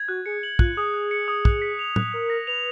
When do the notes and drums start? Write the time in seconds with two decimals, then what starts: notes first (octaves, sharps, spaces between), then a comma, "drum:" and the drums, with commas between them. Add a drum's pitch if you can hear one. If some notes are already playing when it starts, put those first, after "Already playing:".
Already playing: G#6
0.08 F#4 F#6
0.26 G#4 C#7
0.43 F#7
0.59 F4 F#6, drum: kick
0.77 G#4 D#6
0.94 F#6
1.11 C#7
1.28 D#6
1.45 F#6, drum: kick
1.62 B6
1.79 F7
1.96 F#6, drum: tom
2.13 A#4 F#6
2.30 A#6
2.47 B4 F7